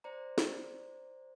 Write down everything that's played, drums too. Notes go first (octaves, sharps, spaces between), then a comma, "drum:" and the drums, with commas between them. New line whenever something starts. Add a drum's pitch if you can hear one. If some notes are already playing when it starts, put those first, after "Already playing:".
C5 D5 A#5
drum: snare